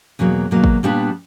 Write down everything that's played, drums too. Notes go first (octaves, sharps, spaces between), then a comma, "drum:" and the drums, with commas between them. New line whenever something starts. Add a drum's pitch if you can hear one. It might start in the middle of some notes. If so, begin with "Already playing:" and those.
E2 B2 F#3 A#3
E2 B2 F#3 A#3
drum: kick
A#2 G3 B3 D4